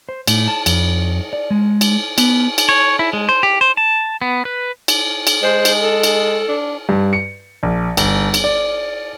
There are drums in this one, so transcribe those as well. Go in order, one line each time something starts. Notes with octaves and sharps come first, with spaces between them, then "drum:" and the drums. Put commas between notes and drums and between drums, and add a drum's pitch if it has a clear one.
C5
A2, drum: cymbal
A5
F2, drum: cymbal
D5
G#3
drum: cymbal
B3, drum: cymbal
drum: cymbal
C#5
E4
G#3
C5
G4
C5
A5
B3
B4
drum: cymbal
drum: cymbal
G#3 C5
drum: cymbal
A4
drum: cymbal
D4
G2
C#7
A#1
G1, drum: cymbal
drum: cymbal
D5